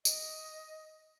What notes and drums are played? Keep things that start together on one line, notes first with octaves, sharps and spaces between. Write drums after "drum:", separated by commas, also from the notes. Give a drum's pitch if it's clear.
D#5, drum: tambourine